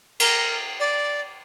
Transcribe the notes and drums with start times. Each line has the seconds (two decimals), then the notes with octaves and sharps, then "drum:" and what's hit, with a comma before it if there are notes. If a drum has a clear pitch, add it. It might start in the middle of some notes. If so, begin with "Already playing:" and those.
0.20 A#4, drum: cymbal
0.80 D5